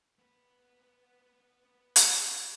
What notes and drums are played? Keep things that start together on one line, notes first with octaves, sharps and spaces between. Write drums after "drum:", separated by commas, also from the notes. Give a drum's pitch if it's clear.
B3 B4
drum: hi-hat